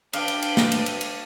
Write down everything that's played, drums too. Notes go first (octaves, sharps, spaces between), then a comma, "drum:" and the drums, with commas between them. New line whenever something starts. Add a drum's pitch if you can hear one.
D4 B4 F5 G5, drum: cymbal
drum: cymbal
drum: cymbal
drum: snare
drum: cymbal
drum: cymbal
drum: cymbal